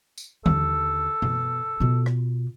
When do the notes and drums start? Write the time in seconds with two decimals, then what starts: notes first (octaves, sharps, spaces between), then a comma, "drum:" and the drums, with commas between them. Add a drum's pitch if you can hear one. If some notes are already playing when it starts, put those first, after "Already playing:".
0.18 drum: tambourine
0.46 D#2 D3 A4, drum: tom D3
1.22 B2, drum: tom F#2
1.80 B2 F4
2.06 drum: rim click